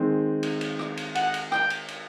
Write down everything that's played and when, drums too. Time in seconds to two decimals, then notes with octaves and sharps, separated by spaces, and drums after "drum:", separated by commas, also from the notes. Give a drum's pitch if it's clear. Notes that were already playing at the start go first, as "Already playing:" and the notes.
Already playing: D#3 G#3 C4
0.43 drum: cymbal
0.61 drum: cymbal
0.79 drum: rim click
0.97 drum: cymbal
1.15 F#5, drum: cymbal
1.34 drum: cymbal
1.52 G5, drum: rim click
1.70 drum: cymbal
1.88 drum: cymbal